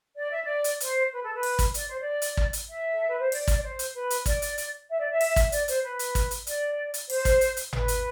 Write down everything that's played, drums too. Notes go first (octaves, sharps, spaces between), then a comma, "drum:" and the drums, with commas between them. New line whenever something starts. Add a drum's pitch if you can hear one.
D5
E5
D5
drum: hi-hat
C5, drum: hi-hat
B4
A4
B4
drum: open hi-hat
drum: kick, hi-hat
D5, drum: hi-hat
C5
D5
drum: hi-hat
drum: kick
drum: hi-hat
E5
A4
B4
C5
D5, drum: open hi-hat
drum: kick, hi-hat
D5
C5
drum: hi-hat
B4
drum: hi-hat
D5, drum: kick, hi-hat
drum: hi-hat
drum: hi-hat
E5
D5
E5
drum: open hi-hat
drum: kick, hi-hat
D5, drum: hi-hat
C5, drum: hi-hat
B4
drum: hi-hat
drum: kick, hi-hat
drum: hi-hat
D5, drum: hi-hat
drum: hi-hat
C5, drum: open hi-hat
drum: kick, hi-hat
drum: hi-hat
drum: hi-hat
B4, drum: tom G#1
drum: hi-hat